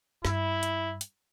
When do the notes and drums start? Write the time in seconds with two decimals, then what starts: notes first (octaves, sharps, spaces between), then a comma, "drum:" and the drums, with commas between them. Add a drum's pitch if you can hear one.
0.25 G2 E4, drum: snare
0.63 drum: hi-hat
1.01 drum: hi-hat